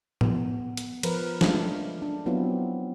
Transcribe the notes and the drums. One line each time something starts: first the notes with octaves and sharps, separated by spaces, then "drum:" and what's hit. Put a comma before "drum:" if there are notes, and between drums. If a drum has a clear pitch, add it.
B3, drum: tom A2
drum: hi-hat
F3 A#4 B4, drum: cymbal
G#3 A3 C#4 D4 F4, drum: snare
D4
F#3 B3 C4 E4 F4